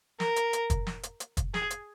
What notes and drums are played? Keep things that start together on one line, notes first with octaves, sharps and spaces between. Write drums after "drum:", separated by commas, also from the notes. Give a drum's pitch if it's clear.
A#4, drum: snare
drum: hi-hat
drum: hi-hat
drum: kick, hi-hat
drum: snare
drum: hi-hat
drum: hi-hat
drum: kick, hi-hat
G#4, drum: snare
drum: hi-hat